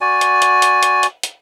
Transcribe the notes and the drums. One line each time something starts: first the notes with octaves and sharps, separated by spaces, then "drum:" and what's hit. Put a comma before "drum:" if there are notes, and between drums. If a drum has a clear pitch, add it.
F#4 D5 G#5
drum: hi-hat
drum: hi-hat
drum: hi-hat
drum: hi-hat
drum: hi-hat
drum: hi-hat